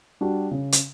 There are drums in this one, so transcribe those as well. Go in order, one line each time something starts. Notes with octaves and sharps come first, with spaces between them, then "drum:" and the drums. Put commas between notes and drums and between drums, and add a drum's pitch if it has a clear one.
G3 D4 F#4
C#3
drum: hi-hat